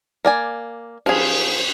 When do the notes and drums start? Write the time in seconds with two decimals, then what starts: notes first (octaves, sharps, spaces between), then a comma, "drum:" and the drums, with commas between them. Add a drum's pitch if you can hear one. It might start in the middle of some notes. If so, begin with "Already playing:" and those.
0.25 A#3 D5 G#5
1.06 F3 G#4, drum: cymbal